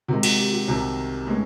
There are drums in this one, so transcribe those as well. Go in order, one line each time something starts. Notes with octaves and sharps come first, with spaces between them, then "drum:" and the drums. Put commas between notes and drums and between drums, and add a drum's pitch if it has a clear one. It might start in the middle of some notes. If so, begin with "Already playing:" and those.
C3 D#3 G#3 F#4
F#4, drum: cymbal
G4
F#4
C2 C3 D#3 F#4
A2 E3 G#3 C#4